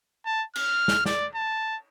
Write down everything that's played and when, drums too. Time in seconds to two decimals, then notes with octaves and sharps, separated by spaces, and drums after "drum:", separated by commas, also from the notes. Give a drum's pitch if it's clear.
0.26 A5
0.55 F6, drum: cymbal
0.88 drum: snare
1.06 D5, drum: snare
1.35 A5